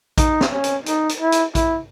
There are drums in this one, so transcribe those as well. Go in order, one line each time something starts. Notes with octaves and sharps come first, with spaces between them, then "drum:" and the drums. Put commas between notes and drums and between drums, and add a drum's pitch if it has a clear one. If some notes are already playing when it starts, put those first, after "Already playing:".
D#4, drum: kick A#1, hi-hat
drum: snare
C#4
drum: hi-hat
D#4, drum: hi-hat
drum: hi-hat
E4
drum: hi-hat
E4, drum: kick A#1, hi-hat